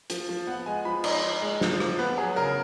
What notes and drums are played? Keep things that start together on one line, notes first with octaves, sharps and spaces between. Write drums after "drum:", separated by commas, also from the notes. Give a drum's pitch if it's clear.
F3, drum: hi-hat
F3
B3 F#5
G#3 G#5
F3 B5
D#4 A#5, drum: cymbal
D#4
G#3
F3, drum: snare
F3, drum: rim click
B3 B4
F#3 G#4
C#3 A#4